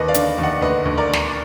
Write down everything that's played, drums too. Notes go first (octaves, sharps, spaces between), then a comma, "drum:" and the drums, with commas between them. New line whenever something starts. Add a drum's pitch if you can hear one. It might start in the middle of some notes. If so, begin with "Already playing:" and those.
Already playing: D#2 B4 D#5
D5 F5
D3, drum: hi-hat
D#2
D#5 F#5
D2 B4 D#5
D2
A#4 D5
drum: snare